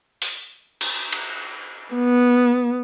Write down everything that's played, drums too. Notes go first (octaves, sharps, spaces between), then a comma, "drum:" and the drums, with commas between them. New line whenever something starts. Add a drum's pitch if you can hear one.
drum: open hi-hat
drum: cymbal
drum: cymbal
B3